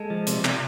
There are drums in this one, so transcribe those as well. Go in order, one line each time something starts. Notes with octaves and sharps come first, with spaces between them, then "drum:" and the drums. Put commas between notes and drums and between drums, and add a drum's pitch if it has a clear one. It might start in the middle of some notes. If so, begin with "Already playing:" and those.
Already playing: G#3 A4
F3
C3, drum: hi-hat
C3, drum: clap